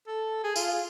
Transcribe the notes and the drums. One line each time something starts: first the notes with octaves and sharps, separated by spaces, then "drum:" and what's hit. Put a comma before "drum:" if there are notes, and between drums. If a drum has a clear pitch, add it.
A4
G#4
F4, drum: tambourine